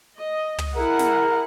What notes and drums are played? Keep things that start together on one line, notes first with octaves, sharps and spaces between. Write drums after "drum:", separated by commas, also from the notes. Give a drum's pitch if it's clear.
D#5
drum: tom
E4 G#4 A#4 F#5
drum: snare